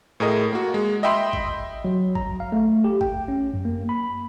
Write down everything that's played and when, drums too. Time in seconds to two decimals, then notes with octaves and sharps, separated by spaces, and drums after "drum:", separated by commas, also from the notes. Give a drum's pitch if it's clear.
0.20 A2 G#4 A#4 D#5
0.53 A#3 F#4
0.74 G#3
1.03 D#5 E5 G5 B5 C6
1.33 drum: kick G1
1.85 F#3
2.15 A#5, drum: kick G1
2.40 F5
2.52 A3
2.84 G4
3.01 G5, drum: kick G1
3.28 C#4
3.54 F#2
3.65 A#3
3.89 B5